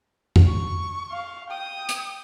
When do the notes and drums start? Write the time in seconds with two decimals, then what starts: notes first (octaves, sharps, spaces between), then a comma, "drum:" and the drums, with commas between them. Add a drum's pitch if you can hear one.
0.36 drum: tom F2
0.48 C#6
1.12 F5
1.50 G5 D#6
1.89 drum: hi-hat